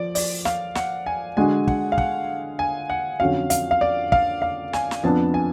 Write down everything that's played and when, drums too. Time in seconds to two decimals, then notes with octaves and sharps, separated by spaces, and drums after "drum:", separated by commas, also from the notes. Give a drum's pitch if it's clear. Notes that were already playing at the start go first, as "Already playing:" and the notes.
Already playing: F3 D5
0.15 D5, drum: open hi-hat
0.45 F5, drum: snare
0.75 F#5, drum: snare
1.06 G#5
1.37 D3 G#3 D4 F#4 G#5
1.68 F#5, drum: kick
1.92 F5
1.98 F#5, drum: kick
2.59 G#5
2.90 F#5
3.20 F2 D3 F#3 C#4 F#4 F5
3.50 F5, drum: hi-hat
3.71 F5
3.81 D5
4.12 F5, drum: kick
4.42 F5
4.73 G#5, drum: snare
4.91 drum: snare
5.03 F2 F3 B3 D4 A5
5.34 G#5